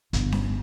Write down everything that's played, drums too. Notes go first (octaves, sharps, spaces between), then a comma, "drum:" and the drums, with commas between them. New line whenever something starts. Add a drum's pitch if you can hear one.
G1, drum: hi-hat
drum: snare C#4